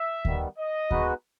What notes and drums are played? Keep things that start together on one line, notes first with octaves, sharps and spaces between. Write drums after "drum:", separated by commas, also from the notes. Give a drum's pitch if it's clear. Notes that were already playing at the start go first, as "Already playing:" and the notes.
Already playing: E5
D#3 G3 B3, drum: kick D2
D#5
G#3 B3 D#4 F#4 B4, drum: kick D2